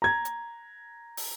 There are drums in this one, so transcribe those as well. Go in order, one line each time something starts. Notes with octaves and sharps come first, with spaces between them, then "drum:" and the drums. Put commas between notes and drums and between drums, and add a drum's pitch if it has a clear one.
A#5 G#6
drum: hi-hat
drum: open hi-hat